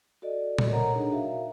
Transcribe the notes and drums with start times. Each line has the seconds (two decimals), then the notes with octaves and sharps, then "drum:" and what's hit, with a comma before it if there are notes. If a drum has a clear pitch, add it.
0.22 F#4 A4 D5 D#5
0.58 drum: tom A#2
0.70 A#4 C#5 D#5 F#5 A#5
0.95 D4 D#4 G#4 A#4
1.11 F#4 A#4 E5 F5